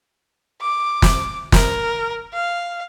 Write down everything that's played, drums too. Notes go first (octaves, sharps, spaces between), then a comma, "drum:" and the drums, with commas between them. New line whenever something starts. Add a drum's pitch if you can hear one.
D6
drum: snare
A#4, drum: snare
F5